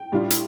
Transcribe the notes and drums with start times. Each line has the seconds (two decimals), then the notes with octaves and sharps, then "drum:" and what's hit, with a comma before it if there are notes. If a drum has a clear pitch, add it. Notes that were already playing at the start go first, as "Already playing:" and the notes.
Already playing: G5
0.12 A2 G3 D4 F4
0.30 drum: hi-hat